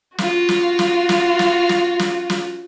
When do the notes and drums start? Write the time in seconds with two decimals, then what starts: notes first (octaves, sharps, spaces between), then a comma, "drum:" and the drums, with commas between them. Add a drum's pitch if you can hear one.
0.18 F4 F#4, drum: snare
0.49 drum: snare
0.79 drum: snare
1.09 drum: snare
1.39 drum: snare
1.69 drum: snare
1.99 drum: snare
2.30 drum: snare